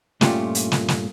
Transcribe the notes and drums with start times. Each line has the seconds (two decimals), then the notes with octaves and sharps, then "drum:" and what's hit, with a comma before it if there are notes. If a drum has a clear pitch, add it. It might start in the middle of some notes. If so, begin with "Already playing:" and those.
0.21 G2 A#2 A3 C#4 F4 G4, drum: snare
0.55 drum: hi-hat
0.72 drum: snare
0.88 drum: snare